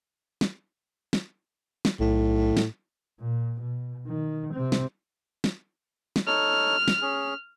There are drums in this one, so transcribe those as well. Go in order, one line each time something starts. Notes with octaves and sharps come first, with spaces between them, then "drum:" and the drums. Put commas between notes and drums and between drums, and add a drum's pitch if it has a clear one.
drum: snare
drum: snare
drum: snare
B1 A2
drum: snare
A#2
B2
D#3
C3 C4
drum: snare
drum: snare
drum: snare
D#4 A4 C#5 F6
drum: snare
C#4 G#4